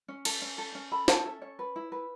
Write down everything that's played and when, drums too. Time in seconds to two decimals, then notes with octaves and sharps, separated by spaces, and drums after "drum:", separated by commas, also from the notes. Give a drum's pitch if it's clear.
0.08 C#4
0.25 A4, drum: cymbal
0.42 C#4
0.58 A4
0.75 C#4
0.92 A4 B5
1.08 C#4 A5, drum: snare
1.25 A4 E5
1.42 C#4 C#5
1.59 B4
1.76 E4
1.92 B4